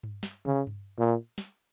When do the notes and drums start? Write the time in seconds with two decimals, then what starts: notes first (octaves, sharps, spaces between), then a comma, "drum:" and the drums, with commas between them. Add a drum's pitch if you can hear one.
0.03 drum: tom G2
0.23 drum: snare
0.46 C#3, drum: tom
0.67 drum: tom G2
0.98 A#2
1.38 drum: snare